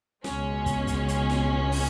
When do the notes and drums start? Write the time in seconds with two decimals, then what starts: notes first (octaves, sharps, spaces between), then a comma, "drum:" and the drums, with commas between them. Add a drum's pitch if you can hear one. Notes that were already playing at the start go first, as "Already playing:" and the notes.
0.24 C#2 B2 G#3 C#4, drum: snare
0.66 drum: kick, hi-hat
0.87 drum: kick, hi-hat
1.08 drum: hi-hat
1.30 drum: snare
1.72 drum: open hi-hat